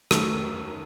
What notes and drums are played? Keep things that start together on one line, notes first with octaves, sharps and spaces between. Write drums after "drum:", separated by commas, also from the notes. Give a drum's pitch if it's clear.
F#2 D#3 A3 A5 C#6 E6, drum: rim click